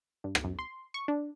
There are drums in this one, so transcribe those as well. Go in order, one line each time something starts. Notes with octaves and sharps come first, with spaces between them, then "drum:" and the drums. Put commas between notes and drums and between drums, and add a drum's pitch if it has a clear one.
G2
drum: rim click
F#2
C6
C#6
D4